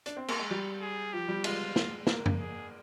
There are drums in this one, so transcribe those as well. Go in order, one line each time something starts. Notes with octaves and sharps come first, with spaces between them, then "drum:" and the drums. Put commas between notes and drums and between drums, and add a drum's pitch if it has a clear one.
D4, drum: hi-hat
C4
A#3, drum: cymbal
G#3
G3
G#4
F3 G4
G3
G#3 F4, drum: cymbal
drum: snare
A#3, drum: snare
drum: tom F#2
G#4